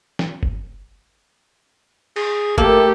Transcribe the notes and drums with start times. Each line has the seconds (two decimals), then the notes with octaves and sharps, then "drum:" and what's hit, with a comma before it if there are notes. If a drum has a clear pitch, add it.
0.19 drum: snare
0.43 drum: kick F#1
2.16 G#4, drum: cymbal
2.58 A3 A#3 G4 A4, drum: kick F#1